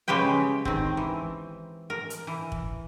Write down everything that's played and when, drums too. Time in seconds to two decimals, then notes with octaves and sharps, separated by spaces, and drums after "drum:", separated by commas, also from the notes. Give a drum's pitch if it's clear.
0.08 C#3 G#3 G4 B4 G5
0.65 D#3 C4, drum: kick
0.97 E3
1.90 A#4
2.10 drum: hi-hat
2.27 E3
2.52 drum: kick